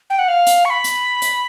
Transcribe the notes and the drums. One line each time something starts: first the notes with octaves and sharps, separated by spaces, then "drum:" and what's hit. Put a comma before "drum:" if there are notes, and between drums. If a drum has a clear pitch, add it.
G5
F#5
F5
drum: hi-hat
C#6
B5
drum: hi-hat
drum: hi-hat